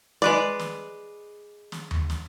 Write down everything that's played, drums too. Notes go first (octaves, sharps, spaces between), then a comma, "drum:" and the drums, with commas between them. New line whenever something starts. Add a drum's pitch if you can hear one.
G#3 B4 D5, drum: snare
drum: snare
drum: snare
drum: tom D#2
drum: snare